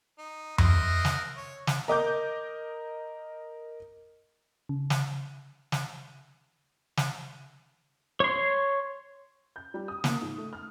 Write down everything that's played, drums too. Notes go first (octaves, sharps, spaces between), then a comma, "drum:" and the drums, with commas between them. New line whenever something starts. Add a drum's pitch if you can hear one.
D#4
C4 A#4 D#5 E5 F#5 C6, drum: tom F2
drum: snare
C#5
drum: snare
A#4 D#5 D6 G6
C#3
drum: snare
drum: snare
drum: snare
C#5 C6
G6
G3
D#6
A#3, drum: snare
G#2
A3
F6